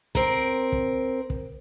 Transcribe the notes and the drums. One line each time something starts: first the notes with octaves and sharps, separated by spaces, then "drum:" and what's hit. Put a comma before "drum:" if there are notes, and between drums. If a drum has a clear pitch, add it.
C4 A#4, drum: kick
drum: kick
drum: kick